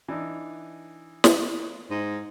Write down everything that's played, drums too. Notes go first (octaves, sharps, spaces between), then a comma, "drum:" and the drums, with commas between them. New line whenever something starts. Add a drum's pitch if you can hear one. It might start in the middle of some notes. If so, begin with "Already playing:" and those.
E3 D4 D#4
drum: snare
G#2